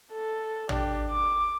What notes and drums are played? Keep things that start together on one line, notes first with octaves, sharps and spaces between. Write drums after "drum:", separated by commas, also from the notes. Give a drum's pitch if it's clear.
A4
D4 G4, drum: tom
D6